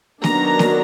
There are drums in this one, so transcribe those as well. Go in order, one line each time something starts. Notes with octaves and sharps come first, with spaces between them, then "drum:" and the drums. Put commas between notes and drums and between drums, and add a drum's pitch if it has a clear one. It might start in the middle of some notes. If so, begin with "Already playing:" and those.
D#3 F#3 B3 D4 A#5, drum: snare
drum: snare